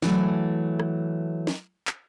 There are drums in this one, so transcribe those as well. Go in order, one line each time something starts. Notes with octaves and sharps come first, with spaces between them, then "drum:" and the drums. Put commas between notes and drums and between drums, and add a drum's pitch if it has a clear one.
E3 F#3 A3, drum: snare
drum: rim click
drum: snare
drum: clap